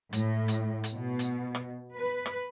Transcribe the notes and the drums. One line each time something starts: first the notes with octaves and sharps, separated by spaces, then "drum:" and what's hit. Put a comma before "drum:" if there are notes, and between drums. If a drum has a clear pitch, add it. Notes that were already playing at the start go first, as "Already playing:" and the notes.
A2, drum: hi-hat
drum: hi-hat
drum: hi-hat
B2
drum: hi-hat
drum: rim click
B4
drum: rim click